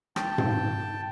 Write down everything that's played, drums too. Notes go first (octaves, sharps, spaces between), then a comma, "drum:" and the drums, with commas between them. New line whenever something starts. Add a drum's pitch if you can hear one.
G5 A5, drum: rim click
drum: tom G#2